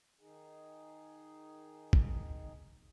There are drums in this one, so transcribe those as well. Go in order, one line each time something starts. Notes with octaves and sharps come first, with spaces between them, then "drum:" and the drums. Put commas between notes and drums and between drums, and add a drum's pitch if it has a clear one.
D#3 D#4 G#4
drum: kick